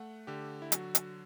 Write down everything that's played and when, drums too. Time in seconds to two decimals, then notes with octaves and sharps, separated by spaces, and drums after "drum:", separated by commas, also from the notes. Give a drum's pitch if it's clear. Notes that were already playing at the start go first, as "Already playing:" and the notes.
Already playing: A3 F#5
0.27 D3 G4
0.62 E4
0.72 F#3 F#4, drum: hi-hat
0.95 drum: hi-hat